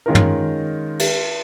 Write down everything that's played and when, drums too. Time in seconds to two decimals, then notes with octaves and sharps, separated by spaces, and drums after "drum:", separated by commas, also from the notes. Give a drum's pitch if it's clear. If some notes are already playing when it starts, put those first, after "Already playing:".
0.06 D#3 G#3 C#4 F4 A#4
0.15 drum: tom
0.99 drum: cymbal